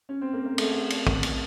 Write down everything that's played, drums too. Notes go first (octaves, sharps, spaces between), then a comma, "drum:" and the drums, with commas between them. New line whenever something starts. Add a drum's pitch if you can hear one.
C#4
C4
A#3
A#3
A3, drum: cymbal
drum: cymbal
drum: kick
drum: cymbal